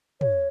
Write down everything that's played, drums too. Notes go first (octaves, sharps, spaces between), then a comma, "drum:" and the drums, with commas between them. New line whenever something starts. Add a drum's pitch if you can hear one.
C#5, drum: tom